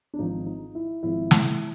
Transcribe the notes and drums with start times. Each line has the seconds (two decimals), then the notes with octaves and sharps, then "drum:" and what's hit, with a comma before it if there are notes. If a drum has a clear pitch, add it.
0.14 D4
0.18 G#1 G#2 F3 D#4
0.46 D#4
0.75 E4
1.03 G#1 G#2 F3 E4
1.31 drum: snare